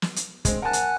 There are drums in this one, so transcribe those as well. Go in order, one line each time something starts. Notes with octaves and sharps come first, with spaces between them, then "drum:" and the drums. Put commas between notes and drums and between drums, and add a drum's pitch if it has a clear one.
drum: snare
drum: hi-hat
G#3 C4, drum: kick, hi-hat
A#4 F#5 G#5 A5 F#6
drum: hi-hat